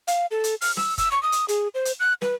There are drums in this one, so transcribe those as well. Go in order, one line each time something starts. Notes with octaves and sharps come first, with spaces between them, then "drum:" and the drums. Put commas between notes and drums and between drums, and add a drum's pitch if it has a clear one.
F5, drum: hi-hat
A4
drum: hi-hat
F6, drum: open hi-hat
E6, drum: snare
E6, drum: kick F#1, hi-hat
C#6
D#6
drum: hi-hat
G#4, drum: hi-hat
C5
drum: hi-hat
F#6
B4, drum: snare